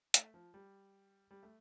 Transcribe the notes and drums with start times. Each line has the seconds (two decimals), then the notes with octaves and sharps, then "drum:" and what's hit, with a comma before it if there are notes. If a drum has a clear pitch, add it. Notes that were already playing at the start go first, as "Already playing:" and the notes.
0.14 A3, drum: hi-hat
0.34 F3
0.54 G3
1.31 G3
1.43 A3